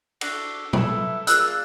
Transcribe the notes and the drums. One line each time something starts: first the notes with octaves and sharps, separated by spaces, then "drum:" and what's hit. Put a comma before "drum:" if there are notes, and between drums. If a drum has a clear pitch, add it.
D4 F#4 A4, drum: cymbal
B3 E4 A4, drum: tom
A#3 D4 F4 G#4 E6 F#6, drum: hi-hat